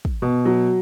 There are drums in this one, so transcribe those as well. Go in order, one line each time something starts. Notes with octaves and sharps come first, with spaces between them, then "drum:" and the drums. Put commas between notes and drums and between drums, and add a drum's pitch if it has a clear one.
drum: kick
B2
F#3